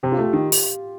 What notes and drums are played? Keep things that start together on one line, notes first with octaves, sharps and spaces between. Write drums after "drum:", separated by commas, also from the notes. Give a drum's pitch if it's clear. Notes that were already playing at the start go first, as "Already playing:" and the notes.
C3 G4
F4
A3
G4
D#3
drum: open hi-hat